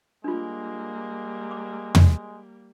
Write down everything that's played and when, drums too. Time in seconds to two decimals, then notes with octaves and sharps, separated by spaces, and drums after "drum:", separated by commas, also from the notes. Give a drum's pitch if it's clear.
0.24 G3 G#3 A#3 D4 F4
1.51 D6
1.95 drum: tom